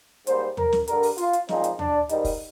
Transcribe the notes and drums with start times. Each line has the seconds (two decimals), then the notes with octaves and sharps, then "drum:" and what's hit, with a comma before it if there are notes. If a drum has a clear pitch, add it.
0.27 G#2 G3 A#3 C5, drum: hi-hat
0.57 A#4, drum: tom D#2
0.72 drum: snare
0.88 G2 D3 G3 A#4, drum: hi-hat
1.03 drum: open hi-hat
1.18 F4, drum: hi-hat
1.33 drum: hi-hat
1.49 A#2 F3 G#3 C4 D#4, drum: snare
1.64 drum: hi-hat
1.79 D4, drum: tom D#2
2.09 G#2 D#3 G3 D#4, drum: hi-hat
2.25 drum: kick, open hi-hat